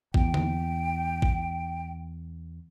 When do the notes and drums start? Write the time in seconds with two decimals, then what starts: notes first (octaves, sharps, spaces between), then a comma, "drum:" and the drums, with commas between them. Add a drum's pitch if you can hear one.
0.14 E2 G5, drum: kick A1
0.34 drum: tom D3
1.22 drum: kick A1